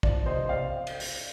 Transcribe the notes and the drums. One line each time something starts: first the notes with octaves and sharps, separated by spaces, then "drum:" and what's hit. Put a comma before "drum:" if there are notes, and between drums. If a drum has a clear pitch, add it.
F3 D5, drum: kick
C3 C5 D#5
C3 D5 F5
drum: cymbal
drum: open hi-hat